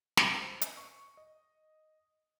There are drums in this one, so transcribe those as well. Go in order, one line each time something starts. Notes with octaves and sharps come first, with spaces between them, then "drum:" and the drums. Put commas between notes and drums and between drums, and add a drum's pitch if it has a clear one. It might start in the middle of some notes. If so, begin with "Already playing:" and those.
D#6, drum: snare
C5
drum: hi-hat
C#6
D#5